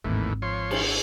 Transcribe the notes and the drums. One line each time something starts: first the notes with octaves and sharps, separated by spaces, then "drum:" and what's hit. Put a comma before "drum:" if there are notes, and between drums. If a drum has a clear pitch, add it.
G#1 D#2 A2 E3
F3 C#5 C6
drum: cymbal